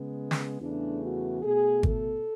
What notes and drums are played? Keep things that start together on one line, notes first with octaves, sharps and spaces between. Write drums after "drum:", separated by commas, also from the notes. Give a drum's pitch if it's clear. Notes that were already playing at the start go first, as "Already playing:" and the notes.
Already playing: C#3 G#3 B3
drum: snare
E2 C#3 E3 A3 D4
F#4
B2 A3 G#4
A4, drum: kick G#1